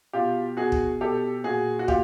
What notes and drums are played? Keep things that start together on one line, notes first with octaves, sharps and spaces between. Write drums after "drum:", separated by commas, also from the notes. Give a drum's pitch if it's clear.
B2 F4 G4
B2 F#4 G#4
drum: kick
B2 G4 A4
A#2 F#4 G#4
F#4
A#2 F4 G4, drum: kick